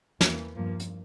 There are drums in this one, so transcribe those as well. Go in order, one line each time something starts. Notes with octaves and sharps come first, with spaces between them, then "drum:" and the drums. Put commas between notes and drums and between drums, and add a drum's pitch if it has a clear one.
E2 E3 A#3, drum: snare
G2 F3 A#3
drum: hi-hat